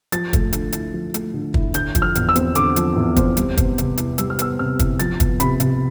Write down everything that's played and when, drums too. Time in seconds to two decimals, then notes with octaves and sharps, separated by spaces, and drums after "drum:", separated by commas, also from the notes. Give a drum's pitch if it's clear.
0.12 F3 A6, drum: hi-hat
0.33 A3, drum: kick, hi-hat
0.53 D3, drum: hi-hat
0.73 E4, drum: hi-hat
0.93 F3
1.14 A3, drum: hi-hat
1.34 D3
1.54 E4, drum: kick
1.74 D3 G6, drum: hi-hat
1.95 F3, drum: kick, hi-hat
2.02 F6
2.15 E2, drum: hi-hat
2.29 E6
2.36 C4, drum: hi-hat
2.55 D3 D6, drum: hi-hat
2.76 F3, drum: hi-hat
2.96 E2
3.16 C4, drum: kick, hi-hat
3.37 G3, drum: hi-hat
3.57 B3, drum: kick, hi-hat
3.78 C3, drum: hi-hat
3.97 E4, drum: hi-hat
4.18 G3 E6, drum: hi-hat
4.30 F6
4.39 B3 E6, drum: hi-hat
4.59 C3 F6
4.79 E4, drum: kick, hi-hat
4.99 F3 A6, drum: hi-hat
5.20 B3, drum: kick, hi-hat
5.40 C3 B5, drum: hi-hat
5.60 C3, drum: hi-hat